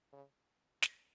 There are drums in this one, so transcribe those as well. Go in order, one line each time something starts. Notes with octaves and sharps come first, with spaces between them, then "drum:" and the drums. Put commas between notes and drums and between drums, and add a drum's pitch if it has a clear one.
C#3
drum: snare